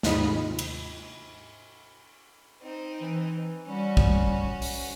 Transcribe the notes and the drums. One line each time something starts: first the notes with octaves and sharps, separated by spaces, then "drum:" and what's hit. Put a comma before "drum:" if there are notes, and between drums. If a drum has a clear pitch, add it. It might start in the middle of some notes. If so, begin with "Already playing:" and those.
D#2 G#2 C3 F4 D#5 B5, drum: snare
drum: cymbal
C4 D#4
E3
G3 C#4 F#4
drum: kick
drum: open hi-hat